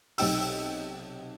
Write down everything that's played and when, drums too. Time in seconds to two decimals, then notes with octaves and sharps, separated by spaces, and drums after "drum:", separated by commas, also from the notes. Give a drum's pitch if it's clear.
0.18 B1 C3 D#4 G5 E6, drum: open hi-hat